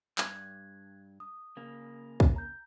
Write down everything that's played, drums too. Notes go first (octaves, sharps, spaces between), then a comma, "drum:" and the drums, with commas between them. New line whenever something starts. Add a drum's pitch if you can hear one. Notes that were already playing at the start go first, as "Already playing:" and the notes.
G2 F#6 G#6, drum: clap
D#6
C#3 A#3
drum: kick
A#5 G6